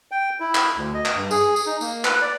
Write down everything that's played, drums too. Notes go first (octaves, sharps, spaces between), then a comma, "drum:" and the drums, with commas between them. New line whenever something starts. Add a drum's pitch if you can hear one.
G5
E4
drum: clap
D2
D#5
drum: clap
G2
G#4, drum: tambourine
drum: tambourine
D#4
A#3, drum: tambourine
B4, drum: clap
D5